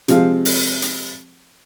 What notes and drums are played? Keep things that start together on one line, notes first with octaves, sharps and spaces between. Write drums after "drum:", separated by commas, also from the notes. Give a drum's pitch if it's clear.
C3 F3 G#3 C4 F5, drum: hi-hat
drum: open hi-hat
drum: hi-hat